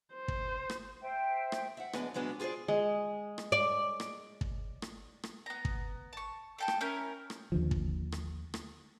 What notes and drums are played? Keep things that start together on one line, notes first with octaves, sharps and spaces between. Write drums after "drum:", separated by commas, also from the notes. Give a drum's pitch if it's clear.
C5
drum: kick
drum: rim click
C5 E5 G5
drum: rim click
E5 F#5
F#2 E3 G#3 B3 D4, drum: rim click
A#2 F#3 G#3 B3 D4
F4 G#4 A4 C5 D5
G#3
drum: rim click
D5
drum: rim click
drum: kick
drum: rim click
drum: rim click
B3 A#5
drum: kick
A5 C#6
A4 G5 A5
drum: rim click
C#4 E4 A#4 G6
drum: rim click
D#2 D3 F3
drum: kick
drum: rim click
drum: rim click